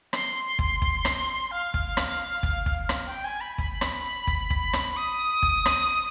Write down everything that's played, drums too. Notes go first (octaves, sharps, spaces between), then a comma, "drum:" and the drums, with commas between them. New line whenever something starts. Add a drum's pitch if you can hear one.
C6, drum: rim click
drum: kick
drum: kick
drum: rim click
F5
drum: kick
drum: rim click
drum: kick
drum: kick
drum: rim click
G5
G#5
B5
B5, drum: kick
drum: rim click
drum: kick
drum: kick
drum: rim click
D#6
drum: kick
drum: rim click